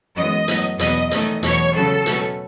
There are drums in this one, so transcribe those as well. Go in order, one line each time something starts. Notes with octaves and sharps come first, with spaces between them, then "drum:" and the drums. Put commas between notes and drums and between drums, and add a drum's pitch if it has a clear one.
F#2 E3 G#3 B3 D#5
A2 F#3 B3, drum: hi-hat
E2 B2 F#3 B3 D#5, drum: hi-hat
E2 D#3 A3 C#4 D#5, drum: hi-hat
E2 B2 F#3 C#5, drum: hi-hat
C#3 F#3 C#4 A4
B2 F#3 A3 C#4, drum: hi-hat